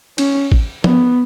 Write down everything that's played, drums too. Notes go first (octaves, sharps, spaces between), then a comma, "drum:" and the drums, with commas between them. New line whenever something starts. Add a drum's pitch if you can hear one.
C#4, drum: cymbal
drum: kick
B3, drum: tom F3